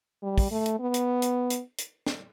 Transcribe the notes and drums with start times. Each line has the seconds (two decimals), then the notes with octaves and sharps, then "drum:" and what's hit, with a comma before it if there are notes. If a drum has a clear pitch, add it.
0.23 G3
0.38 drum: kick, open hi-hat
0.51 A3
0.66 drum: hi-hat
0.80 B3
0.94 drum: hi-hat
1.22 drum: hi-hat
1.50 drum: hi-hat
1.78 drum: hi-hat
2.06 drum: snare